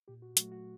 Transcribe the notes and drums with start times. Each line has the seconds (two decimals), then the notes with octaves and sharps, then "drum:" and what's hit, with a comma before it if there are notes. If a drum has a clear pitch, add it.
0.08 A#2 G4
0.22 F#4
0.37 F#3 A3 F#4, drum: hi-hat
0.52 F#4